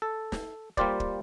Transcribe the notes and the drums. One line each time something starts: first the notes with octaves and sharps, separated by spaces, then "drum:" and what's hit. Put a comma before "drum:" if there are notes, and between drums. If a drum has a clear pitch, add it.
A4
drum: snare
G3 A#3 F4 G4 C5 D5, drum: kick
drum: kick